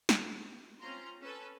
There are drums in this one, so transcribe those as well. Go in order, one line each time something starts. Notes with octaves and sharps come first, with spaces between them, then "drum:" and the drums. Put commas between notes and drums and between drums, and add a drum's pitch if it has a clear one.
drum: snare
C4 C#4 F4 A#5 C6
C#4 A4 B4 A5